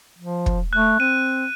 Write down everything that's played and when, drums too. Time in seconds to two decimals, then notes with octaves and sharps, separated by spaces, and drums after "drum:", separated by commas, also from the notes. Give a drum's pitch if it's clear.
0.19 F3
0.46 drum: kick
0.73 A3 F#6
1.00 C4 D#7